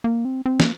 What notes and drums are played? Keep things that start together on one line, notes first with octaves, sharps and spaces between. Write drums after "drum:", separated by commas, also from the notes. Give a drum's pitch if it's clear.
A#3
C4
C4
A#3, drum: snare